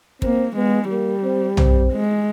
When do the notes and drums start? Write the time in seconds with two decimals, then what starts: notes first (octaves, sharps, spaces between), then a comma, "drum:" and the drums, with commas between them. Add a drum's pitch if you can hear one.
0.22 A#3 C4, drum: kick
0.56 G#3 B3
0.89 G3 A#3
1.24 C4
1.57 C4, drum: tom B1
1.92 G#3